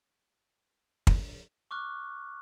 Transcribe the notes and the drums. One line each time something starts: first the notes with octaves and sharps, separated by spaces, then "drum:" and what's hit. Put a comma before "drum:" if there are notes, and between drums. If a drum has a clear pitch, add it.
drum: kick
C#6 D6 F6 F#6